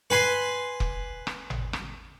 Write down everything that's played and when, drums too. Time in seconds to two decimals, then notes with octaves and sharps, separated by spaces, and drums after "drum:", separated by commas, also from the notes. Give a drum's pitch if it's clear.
0.10 B4 G#5 C6
0.80 drum: kick
1.27 drum: rim click
1.50 drum: tom G#1
1.73 drum: rim click